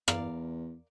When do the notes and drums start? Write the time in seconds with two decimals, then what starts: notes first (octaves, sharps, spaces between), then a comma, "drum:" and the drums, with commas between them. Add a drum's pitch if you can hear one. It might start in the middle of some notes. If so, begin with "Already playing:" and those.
0.08 E2 A#4 D5 F5, drum: rim click